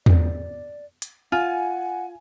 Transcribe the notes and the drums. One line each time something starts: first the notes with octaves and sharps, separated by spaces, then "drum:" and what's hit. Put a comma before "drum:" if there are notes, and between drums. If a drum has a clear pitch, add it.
D5, drum: tom E2
drum: hi-hat
F4 F#5 G#5